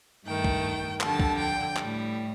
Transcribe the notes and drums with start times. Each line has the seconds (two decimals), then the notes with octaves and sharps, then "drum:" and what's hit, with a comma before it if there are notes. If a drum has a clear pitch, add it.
0.26 G2 D#3 A3 G5
0.44 drum: kick
1.01 F2 D3 G3 A5, drum: clap
1.20 drum: kick
1.39 G5
1.76 A2 G3, drum: clap